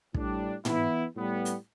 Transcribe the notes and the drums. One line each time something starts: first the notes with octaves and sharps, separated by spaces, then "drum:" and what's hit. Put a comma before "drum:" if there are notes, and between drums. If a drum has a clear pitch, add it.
A2 G3 D4, drum: kick
E3 B3 E4, drum: tom
A2 G3 B3
drum: hi-hat